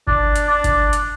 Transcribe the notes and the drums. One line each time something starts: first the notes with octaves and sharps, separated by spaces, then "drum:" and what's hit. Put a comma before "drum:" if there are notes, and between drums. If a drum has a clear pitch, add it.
D4, drum: kick G1
drum: hi-hat
D4
drum: kick G1, hi-hat
drum: hi-hat